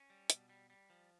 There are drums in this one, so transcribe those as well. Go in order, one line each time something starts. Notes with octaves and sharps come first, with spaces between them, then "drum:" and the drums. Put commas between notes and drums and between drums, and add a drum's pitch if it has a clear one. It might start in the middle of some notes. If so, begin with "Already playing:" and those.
Already playing: C#4
G3
B2, drum: hi-hat
G3
G3
F3